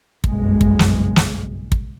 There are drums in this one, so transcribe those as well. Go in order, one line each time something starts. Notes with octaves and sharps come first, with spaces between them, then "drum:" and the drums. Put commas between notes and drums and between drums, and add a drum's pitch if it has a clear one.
F#1 B1 G2 B2 G#3, drum: kick
drum: kick
drum: snare
drum: snare
drum: kick